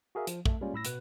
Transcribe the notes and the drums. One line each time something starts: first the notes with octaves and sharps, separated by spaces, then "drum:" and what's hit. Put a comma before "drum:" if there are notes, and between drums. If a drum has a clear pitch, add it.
F#4 G#4 A#4 E5 F5
F3, drum: hi-hat
A3 A4, drum: kick A#1
G3 G#3 A#3 C#4 F4 D5
A2 B5 E6 A#6
B2 F#4 B4 F#6, drum: hi-hat